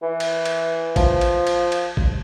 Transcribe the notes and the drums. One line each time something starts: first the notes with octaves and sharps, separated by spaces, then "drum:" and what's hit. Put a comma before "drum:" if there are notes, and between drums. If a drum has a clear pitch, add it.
E3
drum: cymbal
drum: cymbal
F3, drum: kick A1, cymbal
drum: cymbal
drum: cymbal
drum: cymbal
drum: kick A1